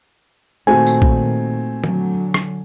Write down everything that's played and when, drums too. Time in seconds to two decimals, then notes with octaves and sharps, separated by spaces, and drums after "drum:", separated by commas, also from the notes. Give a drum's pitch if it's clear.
0.67 A#2 D#3 A3 C4 F#4 G#5
0.87 drum: tambourine
1.02 drum: kick A#1
1.84 D3 F#3, drum: tom
2.34 drum: rim click